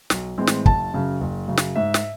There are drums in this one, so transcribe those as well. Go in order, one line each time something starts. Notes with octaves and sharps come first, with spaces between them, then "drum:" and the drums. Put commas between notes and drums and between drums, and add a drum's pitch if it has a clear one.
B1, drum: snare
A2 E3 G#3 C4
drum: snare
F#1 A5, drum: kick
F#2 C#3
F#1
F#2 C#3
drum: snare
G#2 E5
drum: snare